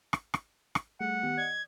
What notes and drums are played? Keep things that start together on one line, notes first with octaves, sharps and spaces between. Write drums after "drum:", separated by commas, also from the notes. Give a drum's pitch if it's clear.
drum: rim click
drum: rim click
drum: rim click
G3 A3 G#4 F#5
D#3 B3 G4
D5 D#5 G#6